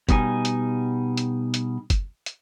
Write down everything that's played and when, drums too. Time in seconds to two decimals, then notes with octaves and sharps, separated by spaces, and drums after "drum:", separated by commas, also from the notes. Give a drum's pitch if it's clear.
0.09 B2 G3 D#4 C#5 G#5, drum: kick F#1, hi-hat
0.45 drum: hi-hat
1.17 drum: hi-hat
1.54 drum: hi-hat
1.90 drum: kick F#1, hi-hat
2.26 drum: hi-hat